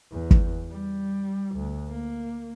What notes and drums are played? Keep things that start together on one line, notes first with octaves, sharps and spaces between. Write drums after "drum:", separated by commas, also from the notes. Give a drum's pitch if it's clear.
E2
drum: kick
G3
D2
A#3